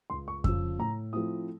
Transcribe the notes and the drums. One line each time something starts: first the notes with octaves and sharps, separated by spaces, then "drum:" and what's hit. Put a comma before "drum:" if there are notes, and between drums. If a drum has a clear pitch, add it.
C#2 C6
C#6
C#3 F3 E6, drum: kick F2
A2 A#5
F3 A3 C4 E4 D#6